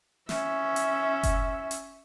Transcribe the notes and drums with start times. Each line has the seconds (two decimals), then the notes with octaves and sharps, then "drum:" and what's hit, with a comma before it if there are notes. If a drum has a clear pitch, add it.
0.29 C#4 E5, drum: snare
0.76 drum: hi-hat
1.23 drum: kick F#1, hi-hat
1.71 drum: hi-hat